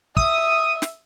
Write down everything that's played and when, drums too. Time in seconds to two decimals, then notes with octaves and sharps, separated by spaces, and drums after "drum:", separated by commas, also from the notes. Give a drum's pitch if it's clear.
0.17 E5 D#6, drum: kick
0.82 drum: snare